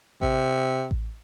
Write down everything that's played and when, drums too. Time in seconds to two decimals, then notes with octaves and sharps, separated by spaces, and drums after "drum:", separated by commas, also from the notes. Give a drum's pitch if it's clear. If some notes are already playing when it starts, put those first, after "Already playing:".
0.21 C3, drum: kick A1
0.91 drum: kick A1